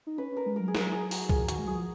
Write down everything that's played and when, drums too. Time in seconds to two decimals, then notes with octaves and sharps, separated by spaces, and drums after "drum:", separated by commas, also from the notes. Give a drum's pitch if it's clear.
0.07 D#4
0.18 C#4 B4
0.32 C#4 A#4
0.46 G#3
0.56 F#3 A#4
0.68 G#4
0.75 A#4, drum: snare
0.92 G#4
1.11 F#4, drum: open hi-hat
1.29 F3 G#4, drum: kick C2
1.49 D#3 F#4, drum: hi-hat
1.59 G#3
1.67 F#3 G#4
1.76 F3